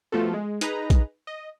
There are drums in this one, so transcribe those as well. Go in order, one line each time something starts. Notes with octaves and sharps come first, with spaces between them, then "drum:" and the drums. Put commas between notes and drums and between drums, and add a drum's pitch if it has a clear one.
F3 A3 B3 F4 F#4 A4
G#3
D#4 G#4 B4 D#5 A#5, drum: hi-hat
drum: kick A#1, hi-hat
D#5